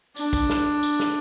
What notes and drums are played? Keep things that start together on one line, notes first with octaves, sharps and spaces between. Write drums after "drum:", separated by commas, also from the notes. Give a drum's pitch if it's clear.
D4, drum: tambourine
drum: kick, tambourine
drum: snare
drum: tambourine
drum: snare